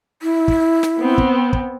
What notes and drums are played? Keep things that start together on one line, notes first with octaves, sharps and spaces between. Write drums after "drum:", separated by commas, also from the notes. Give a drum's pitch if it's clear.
E4
drum: kick
drum: snare
B3 C4
drum: kick
drum: kick